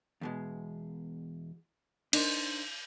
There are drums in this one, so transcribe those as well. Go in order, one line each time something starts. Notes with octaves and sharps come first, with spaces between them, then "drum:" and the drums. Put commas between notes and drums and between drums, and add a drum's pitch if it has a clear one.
E2 B2 G#3
D4 D#4 A#4 C5, drum: cymbal